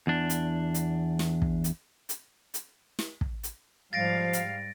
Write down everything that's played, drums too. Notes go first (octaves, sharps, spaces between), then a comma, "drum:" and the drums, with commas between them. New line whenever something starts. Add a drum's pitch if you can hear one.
E2 D4
drum: hi-hat
drum: hi-hat
drum: snare
drum: kick
drum: hi-hat
drum: hi-hat
drum: hi-hat
drum: snare
drum: kick
drum: hi-hat
G#2 F3 G3 F5 A6 A#6 D7
drum: hi-hat